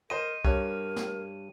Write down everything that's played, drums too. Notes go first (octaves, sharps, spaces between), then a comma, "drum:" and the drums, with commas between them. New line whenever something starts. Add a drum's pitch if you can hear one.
A#4 C5 D#5 D#7
G2 A#4 C#5, drum: kick
drum: snare